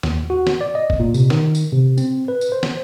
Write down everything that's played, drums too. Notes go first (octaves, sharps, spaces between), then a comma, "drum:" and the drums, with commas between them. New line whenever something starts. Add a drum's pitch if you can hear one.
D#2, drum: snare
F#4
drum: snare
D5
D#5
drum: kick
A#2
C3, drum: tambourine
D#3, drum: snare
drum: tambourine
C3
C4, drum: tambourine
B4
drum: tambourine
C5
drum: snare